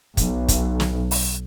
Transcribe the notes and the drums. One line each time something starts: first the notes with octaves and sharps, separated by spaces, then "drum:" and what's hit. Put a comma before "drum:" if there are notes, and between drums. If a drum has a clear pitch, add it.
B1, drum: kick, hi-hat
drum: kick, hi-hat
drum: snare
drum: open hi-hat